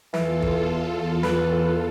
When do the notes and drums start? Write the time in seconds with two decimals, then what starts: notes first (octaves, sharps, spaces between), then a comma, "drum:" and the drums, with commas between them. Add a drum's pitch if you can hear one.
0.14 E2 E3 F4 A4, drum: snare
0.42 drum: kick
1.23 B4, drum: snare